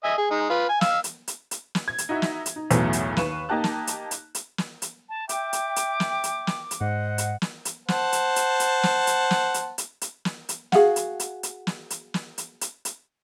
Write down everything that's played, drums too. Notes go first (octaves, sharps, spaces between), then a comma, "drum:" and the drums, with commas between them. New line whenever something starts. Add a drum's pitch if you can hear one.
D#5 E5 G#5
G#4
G#3 D#4
F4 B4
G#5
F5 E6, drum: snare
drum: hi-hat
drum: hi-hat
drum: hi-hat
drum: snare
G#6
drum: hi-hat
D#4 E4 F#4 E5
drum: snare
drum: hi-hat
D#4
B1 E2 A2 F#3 A3 B3, drum: hi-hat
drum: hi-hat
D#2 B4 F5 C#6 E7, drum: snare
A#3 D#4 G4 A5 F#6
drum: snare
drum: hi-hat
drum: hi-hat
drum: hi-hat
drum: snare
drum: hi-hat
A5
E5 G5 D6, drum: hi-hat
drum: hi-hat
drum: hi-hat
drum: snare
drum: hi-hat
drum: snare
drum: hi-hat
G#2 C5 D#5 F#5
drum: hi-hat
drum: snare
drum: hi-hat
C5 F#5 A5, drum: snare
drum: hi-hat
drum: hi-hat
drum: hi-hat
drum: snare
drum: hi-hat
drum: snare
drum: hi-hat
drum: hi-hat
drum: hi-hat
drum: snare
drum: hi-hat
F#4 G#4 F5 F#5, drum: snare
drum: hi-hat
drum: hi-hat
drum: hi-hat
drum: snare
drum: hi-hat
drum: snare
drum: hi-hat
drum: hi-hat
drum: hi-hat